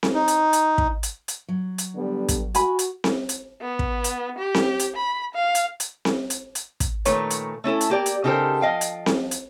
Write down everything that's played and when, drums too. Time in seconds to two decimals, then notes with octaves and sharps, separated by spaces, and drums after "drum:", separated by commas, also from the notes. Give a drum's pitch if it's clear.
0.03 drum: snare C4
0.14 D#4
0.28 drum: hi-hat
0.53 drum: hi-hat
0.78 drum: kick
1.03 drum: hi-hat
1.28 drum: hi-hat
1.48 F#3
1.78 drum: hi-hat
1.95 D3 G3 B3
2.29 drum: kick, hi-hat
2.55 F#4 G#5 B5, drum: hi-hat
2.79 drum: hi-hat
3.04 drum: snare C4
3.29 drum: hi-hat
3.61 B3
3.79 drum: kick
4.04 drum: hi-hat
4.38 G4
4.54 drum: snare C4
4.80 drum: hi-hat
4.96 B5
5.34 F5
5.55 drum: hi-hat
5.80 drum: hi-hat
6.05 drum: snare C4
6.30 drum: hi-hat
6.55 drum: hi-hat
6.80 drum: kick, hi-hat
7.05 A#2 D#3 A3 B4 C#5 A#5, drum: hi-hat
7.31 drum: hi-hat
7.64 A3 C#4 E4 A4
7.81 drum: hi-hat
7.90 A#3 G4 D5
8.06 drum: hi-hat
8.24 C#3 D#4 G4 A4 A#4 C5
8.61 F3 D#5 F5 G5
8.81 drum: hi-hat
9.06 drum: snare C4
9.31 drum: hi-hat